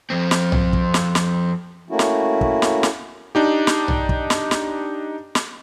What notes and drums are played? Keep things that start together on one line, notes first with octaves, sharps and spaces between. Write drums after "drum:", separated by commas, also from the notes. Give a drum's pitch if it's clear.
F2 C4
drum: snare
drum: tom B1
drum: kick
drum: snare
drum: snare
A3 A#3 C#4 E4 F#4
drum: snare
drum: kick
drum: snare
drum: snare
D4 D#4 G4
drum: snare
drum: tom B1
drum: kick
drum: snare
drum: snare
drum: snare